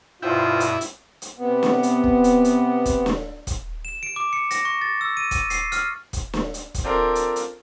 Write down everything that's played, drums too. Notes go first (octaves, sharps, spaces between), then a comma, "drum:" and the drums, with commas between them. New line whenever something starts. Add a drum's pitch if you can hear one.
G2 B2 E4 F4 C5 G5 D#6 G6
drum: hi-hat
drum: hi-hat
drum: hi-hat
C3 B3
drum: snare
drum: hi-hat
drum: kick E1
drum: hi-hat
drum: hi-hat
drum: kick E1, hi-hat
drum: snare
drum: kick E1, hi-hat
E7
D7
D6
C#7
A#6, drum: hi-hat
C#6
A6
E6
D#7
D#7, drum: kick E1, hi-hat
C7, drum: hi-hat
F6, drum: hi-hat
drum: kick E1, hi-hat
drum: snare
drum: hi-hat
drum: kick E1, hi-hat
C4 D4 F4 A4 A#4 C5
drum: hi-hat
drum: hi-hat